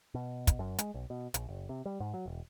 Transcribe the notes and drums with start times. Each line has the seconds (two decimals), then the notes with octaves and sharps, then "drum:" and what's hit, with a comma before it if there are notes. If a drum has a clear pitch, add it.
0.14 B2
0.47 drum: kick, hi-hat
0.59 F#2
0.78 G#3, drum: hi-hat
0.94 B1
1.10 B2
1.34 A#1, drum: hi-hat
1.49 F#1
1.69 C3
1.86 G3
2.00 G#2
2.14 F#3
2.26 E1